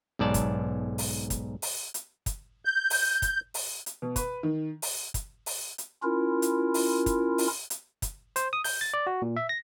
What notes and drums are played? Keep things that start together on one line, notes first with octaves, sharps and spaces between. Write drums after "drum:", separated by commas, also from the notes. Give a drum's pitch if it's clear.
B1 G#2 D5 A5
drum: kick, hi-hat
drum: open hi-hat
drum: kick, hi-hat
drum: open hi-hat
drum: hi-hat
drum: kick, hi-hat
G6
drum: open hi-hat
drum: kick, hi-hat
drum: open hi-hat
drum: hi-hat
B2
B4, drum: kick, hi-hat
D#3
drum: open hi-hat
drum: kick, hi-hat
drum: open hi-hat
drum: hi-hat
C#4 E4 F4 A#4
drum: hi-hat
drum: open hi-hat
drum: kick, hi-hat
drum: open hi-hat
drum: hi-hat
drum: kick, hi-hat
C5, drum: hi-hat
D#6
G6, drum: open hi-hat
A6
D5
F#4
A#2
E5
A#6